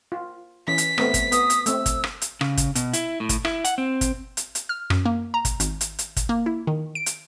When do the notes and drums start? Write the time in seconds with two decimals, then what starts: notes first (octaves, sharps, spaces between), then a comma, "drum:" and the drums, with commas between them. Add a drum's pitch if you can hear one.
0.12 F4
0.68 E3 C#4 B6
0.78 drum: hi-hat
0.98 A3 B3 C4, drum: rim click
1.14 drum: kick, hi-hat
1.32 B3 D#6, drum: hi-hat
1.50 drum: hi-hat
1.66 A3 C4 E6, drum: hi-hat
1.86 drum: kick, hi-hat
2.04 drum: rim click
2.22 drum: hi-hat
2.41 C#3, drum: rim click
2.57 drum: kick, hi-hat
2.75 B2, drum: hi-hat
2.93 E4, drum: hi-hat
3.20 A2
3.29 drum: kick, hi-hat
3.45 E4, drum: rim click
3.65 F#5, drum: hi-hat
3.78 C4
4.01 drum: kick, hi-hat
4.37 drum: hi-hat
4.55 drum: hi-hat
4.69 F6
4.90 F#2, drum: rim click
5.05 A#3
5.34 A#5
5.45 drum: kick, hi-hat
5.60 G#1, drum: hi-hat
5.81 drum: hi-hat
5.99 drum: hi-hat
6.17 drum: kick, hi-hat
6.29 A#3
6.46 E4
6.67 D#3
6.95 D7
7.06 drum: hi-hat